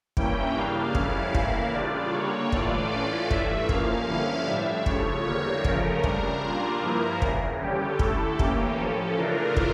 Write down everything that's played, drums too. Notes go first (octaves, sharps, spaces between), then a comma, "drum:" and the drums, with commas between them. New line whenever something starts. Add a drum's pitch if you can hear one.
G2 E3 A#3 C#4 E4 G5, drum: kick
C#3 G3 A#3 D4 F5
F2 C#3 G3 C#4 E4, drum: kick
A2 E3 A#3 E4, drum: kick
C#3 G3 D4 F4 D5
D3 G3 A#3 C#5
A2 E3 A3 D4 F4 D5, drum: kick
A2 E3 A3 C#4 F4 D5
G2 E3 A3 E5, drum: kick
A#2 F3 A#3 C#4 F5, drum: kick
G2 D3 F3 C#4 E4 F5
A2 G3 D4 E5
C#3 F3 A3 C#5, drum: kick
E2 D3 G3 A#3 C#5
C#3 F3 A3 C#4 A#4, drum: kick
C#3 G3 D4, drum: kick
A#2 G3 A#3 D4 F4
G2 F3 A#3 E4 A#4
E2 C#3 E3, drum: kick
D3 G3 C#4 G4
D3 A3 E4 A4, drum: kick
E3 A#3 C#4 G4, drum: kick
A2 F3 C#4 A4
C#3 E3 A3 D4 F4 A#4
drum: kick